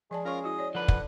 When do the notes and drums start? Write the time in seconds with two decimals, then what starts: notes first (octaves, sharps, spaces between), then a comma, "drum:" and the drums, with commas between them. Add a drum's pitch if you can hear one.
0.11 F3 G#3 D5 A5
0.25 C#4 F4 A#4 C#5 A#5 C#6
0.44 E4 F#4 D#5
0.59 C#5 D5
0.75 D3 F3 B4 F#5
0.88 drum: kick